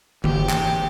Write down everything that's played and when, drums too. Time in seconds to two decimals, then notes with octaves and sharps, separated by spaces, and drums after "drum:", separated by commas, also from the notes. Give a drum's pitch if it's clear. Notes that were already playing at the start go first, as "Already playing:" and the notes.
0.24 F#1 G#2 E3 A#3 G4, drum: tom D3
0.49 drum: clap